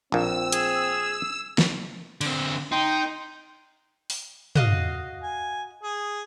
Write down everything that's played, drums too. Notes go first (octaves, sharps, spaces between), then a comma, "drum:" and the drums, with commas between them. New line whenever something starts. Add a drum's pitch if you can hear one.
A#1 A#2 C4 E6
G#4, drum: hi-hat
drum: snare
D3 C4, drum: cymbal
D#4 G5 C6 G6
drum: open hi-hat
F#4 D#5 F5, drum: tom
G#5
G#4